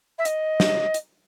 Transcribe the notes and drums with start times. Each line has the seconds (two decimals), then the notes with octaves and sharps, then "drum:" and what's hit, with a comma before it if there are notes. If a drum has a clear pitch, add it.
0.18 E5
0.25 D#5, drum: hi-hat
0.60 drum: snare
0.94 drum: hi-hat